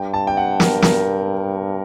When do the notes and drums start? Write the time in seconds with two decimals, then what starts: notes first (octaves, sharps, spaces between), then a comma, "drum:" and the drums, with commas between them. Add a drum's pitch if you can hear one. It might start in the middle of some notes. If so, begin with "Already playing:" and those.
Already playing: G2 G5
0.14 A5
0.27 G5
0.37 F#5
0.60 A#4, drum: snare
0.82 A#4, drum: snare